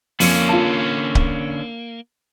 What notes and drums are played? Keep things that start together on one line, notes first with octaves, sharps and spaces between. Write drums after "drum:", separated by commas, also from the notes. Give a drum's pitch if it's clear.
F2 D3 A#3 C#4, drum: open hi-hat
F4 A5
drum: kick C#1